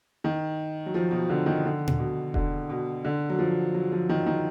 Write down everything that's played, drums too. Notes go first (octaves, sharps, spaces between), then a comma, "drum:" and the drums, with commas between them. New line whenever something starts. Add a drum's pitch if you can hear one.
D#3
F#3
F3
B2
D3
D#3
D3
drum: tom A#2
B2
D3, drum: kick E1
B2
D3
F#3
F3
F#3
F3
D#3
D#3